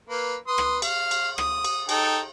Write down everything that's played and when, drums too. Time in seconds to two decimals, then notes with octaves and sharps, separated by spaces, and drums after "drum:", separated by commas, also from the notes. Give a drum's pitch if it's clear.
0.09 A#3 B4
0.47 B4 C6 D#6
0.58 drum: rim click
0.82 F5, drum: cymbal
1.11 drum: cymbal
1.38 D#6, drum: rim click
1.64 drum: cymbal
1.89 D#4 A4 G5, drum: cymbal